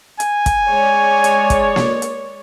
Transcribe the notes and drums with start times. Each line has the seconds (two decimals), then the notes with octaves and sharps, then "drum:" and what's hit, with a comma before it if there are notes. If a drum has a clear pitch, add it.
0.20 G#5, drum: hi-hat
0.46 drum: kick, hi-hat
0.68 G#3 C#5 D5
1.24 drum: hi-hat
1.50 drum: kick, hi-hat
1.76 drum: snare A#3
2.02 drum: hi-hat